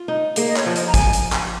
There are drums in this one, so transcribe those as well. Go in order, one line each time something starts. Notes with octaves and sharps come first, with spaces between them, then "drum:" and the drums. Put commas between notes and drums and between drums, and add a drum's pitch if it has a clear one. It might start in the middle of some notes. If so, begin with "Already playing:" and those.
Already playing: F4
D#4
A#3 G#4, drum: hi-hat
D#5
C#5, drum: clap
F3
D#5, drum: hi-hat
A#5
G#5, drum: kick, hi-hat
drum: hi-hat
drum: clap